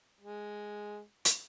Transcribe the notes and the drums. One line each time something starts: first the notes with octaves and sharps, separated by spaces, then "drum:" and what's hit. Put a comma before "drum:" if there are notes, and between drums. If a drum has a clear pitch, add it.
G#3
drum: hi-hat